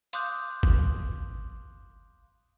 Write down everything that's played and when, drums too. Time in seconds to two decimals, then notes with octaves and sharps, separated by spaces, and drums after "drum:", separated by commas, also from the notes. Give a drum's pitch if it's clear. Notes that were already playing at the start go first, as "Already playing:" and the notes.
0.13 F5 C6 D6 D#6 F#6 G6, drum: hi-hat
0.63 drum: kick